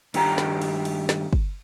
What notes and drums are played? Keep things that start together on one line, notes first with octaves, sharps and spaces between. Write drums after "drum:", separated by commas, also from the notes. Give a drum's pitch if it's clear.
G2 D#3 G4 G#5 A#5, drum: cymbal
drum: snare
drum: cymbal
drum: cymbal
drum: snare
drum: kick